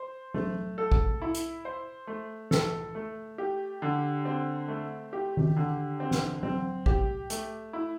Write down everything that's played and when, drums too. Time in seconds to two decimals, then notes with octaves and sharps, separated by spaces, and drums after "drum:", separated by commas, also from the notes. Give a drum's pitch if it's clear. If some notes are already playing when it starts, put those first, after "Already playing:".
Already playing: C5
0.34 A3, drum: tom F#3
0.78 A4
0.92 drum: kick
1.22 E4
1.35 drum: hi-hat
1.65 C5
2.07 A3
2.51 A4, drum: snare
2.95 A3
3.38 G4
3.82 D3
4.25 C4
4.68 A3
5.13 G4
5.37 drum: tom D#3
5.57 D3
6.00 C4
6.11 drum: snare
6.43 C4, drum: tom F#3
6.86 G4, drum: kick
7.30 A3, drum: hi-hat
7.73 E4